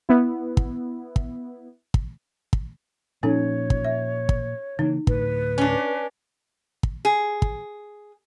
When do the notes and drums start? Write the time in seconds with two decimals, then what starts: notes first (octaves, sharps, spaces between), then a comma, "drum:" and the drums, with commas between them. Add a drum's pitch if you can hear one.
0.09 B3 E4
0.57 drum: kick
1.16 drum: kick
1.94 drum: kick
2.53 drum: kick
3.23 A#2 F3 C#4 D#4 A4 C#5
3.70 drum: kick
3.85 E5
4.29 drum: kick
4.79 C#3 E3 A#3 D#4
5.07 D2 A2 B4, drum: kick
5.58 C#4 D4
6.83 drum: kick
7.05 G#4
7.42 drum: kick